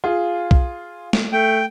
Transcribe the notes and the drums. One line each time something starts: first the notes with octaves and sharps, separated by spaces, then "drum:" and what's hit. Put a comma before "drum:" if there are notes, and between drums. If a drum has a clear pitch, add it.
F4 G#4
drum: kick B1
drum: snare A3
A3 G5